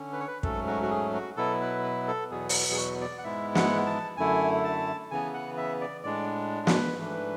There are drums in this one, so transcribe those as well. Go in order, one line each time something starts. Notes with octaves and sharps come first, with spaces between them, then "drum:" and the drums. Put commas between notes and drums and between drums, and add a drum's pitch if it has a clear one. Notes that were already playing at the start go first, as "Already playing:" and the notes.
Already playing: D3 C#4
B4
C#5
B4
G#2 F#3 A3 C#4 A4, drum: kick
F#4
F#4
G#4
F#4
B2 F#3 B3 E4 A4
B4
B4
A4
E2 B2 F#3 B3 G#4
drum: open hi-hat
G#4
F#4
D5
F#5
G#2 G#3 B3 E4 E5
F#5, drum: snare
A5
F#2 D3 A3 E4 G#5
A5
C#3 E3 B3 G#5
F#5
E5
D5
A2 G#3 D4 D5
B4, drum: snare
G#2 E3 A3 D4